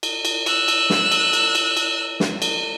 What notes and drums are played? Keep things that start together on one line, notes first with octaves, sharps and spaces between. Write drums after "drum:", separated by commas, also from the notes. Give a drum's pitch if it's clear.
drum: cymbal
drum: cymbal
E6 F#6, drum: cymbal
drum: cymbal
drum: snare
drum: cymbal
drum: cymbal
drum: cymbal
drum: cymbal
drum: snare
drum: cymbal